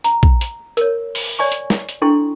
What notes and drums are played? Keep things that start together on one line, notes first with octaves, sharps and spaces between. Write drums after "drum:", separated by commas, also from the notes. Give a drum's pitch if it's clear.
A#5, drum: hi-hat
drum: kick
drum: hi-hat
A#4 C#5, drum: hi-hat
drum: open hi-hat
C#5 D5 G#5 C#6
drum: hi-hat
drum: snare
drum: hi-hat
D4 E4 A4 G5 C6 C#6